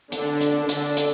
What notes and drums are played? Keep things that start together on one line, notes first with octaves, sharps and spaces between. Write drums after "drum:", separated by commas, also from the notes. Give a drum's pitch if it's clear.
D3 D4, drum: hi-hat
drum: hi-hat
D3 D4, drum: hi-hat
drum: hi-hat